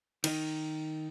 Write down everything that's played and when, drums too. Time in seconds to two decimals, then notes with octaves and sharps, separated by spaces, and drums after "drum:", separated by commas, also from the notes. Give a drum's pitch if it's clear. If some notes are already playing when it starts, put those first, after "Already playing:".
0.24 D#3 D#4, drum: cymbal